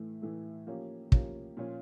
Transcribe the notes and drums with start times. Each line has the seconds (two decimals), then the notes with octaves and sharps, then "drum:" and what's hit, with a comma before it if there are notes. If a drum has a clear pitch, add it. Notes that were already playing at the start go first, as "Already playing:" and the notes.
Already playing: A2 E3 A3
0.22 A2 E3 A3
0.67 F3 A#3 C#4 G4
1.12 F3 A#3 C#4 G4, drum: kick
1.57 A#2 F3 C#4 F4